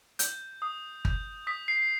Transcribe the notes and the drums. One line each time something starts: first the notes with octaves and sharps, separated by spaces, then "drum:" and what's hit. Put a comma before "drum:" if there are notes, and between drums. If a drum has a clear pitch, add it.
G6, drum: hi-hat
D#6
G6, drum: kick G1
D#6 B6
C7